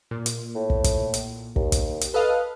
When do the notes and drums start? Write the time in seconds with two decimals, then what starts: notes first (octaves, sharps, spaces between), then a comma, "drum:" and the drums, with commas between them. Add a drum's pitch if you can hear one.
0.11 A#2
0.26 drum: hi-hat
0.55 A2
0.70 drum: kick
0.84 drum: kick, hi-hat
1.14 drum: hi-hat
1.56 D#2, drum: kick
1.72 drum: kick, hi-hat
2.01 drum: hi-hat
2.14 A4 B4 D#5 F5